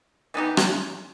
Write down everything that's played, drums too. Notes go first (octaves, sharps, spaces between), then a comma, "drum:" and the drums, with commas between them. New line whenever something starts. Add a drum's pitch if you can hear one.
E3 B3 D#4 G4
drum: rim click